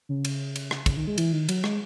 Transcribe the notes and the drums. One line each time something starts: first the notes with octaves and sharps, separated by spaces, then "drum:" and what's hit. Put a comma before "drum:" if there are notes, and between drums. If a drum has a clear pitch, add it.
C#3
drum: cymbal
drum: cymbal
drum: rim click
C#3, drum: kick, cymbal
D#3
G#3
E3, drum: cymbal
D#3
F#3, drum: cymbal
G#3, drum: rim click